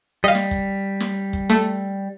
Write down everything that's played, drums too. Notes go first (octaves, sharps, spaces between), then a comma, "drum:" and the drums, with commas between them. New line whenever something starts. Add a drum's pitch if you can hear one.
G3 D#5 F5
drum: snare
drum: kick
drum: snare
drum: kick
A3, drum: snare